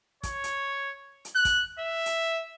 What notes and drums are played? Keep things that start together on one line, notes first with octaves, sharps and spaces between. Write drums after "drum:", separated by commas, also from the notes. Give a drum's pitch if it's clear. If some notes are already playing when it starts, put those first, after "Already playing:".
C#5, drum: kick, hi-hat
drum: hi-hat
drum: hi-hat
F#6
drum: kick, hi-hat
E5
drum: hi-hat